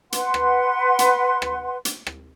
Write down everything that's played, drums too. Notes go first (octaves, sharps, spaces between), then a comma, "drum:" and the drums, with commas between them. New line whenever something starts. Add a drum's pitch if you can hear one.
B4 F#5 C6, drum: hi-hat
drum: rim click
drum: hi-hat
drum: rim click
drum: hi-hat
drum: rim click